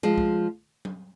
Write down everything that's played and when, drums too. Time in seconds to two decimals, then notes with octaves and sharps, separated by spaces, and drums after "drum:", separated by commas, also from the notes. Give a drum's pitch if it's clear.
0.03 F3 G#3
0.18 drum: kick B1
0.85 drum: tom F#3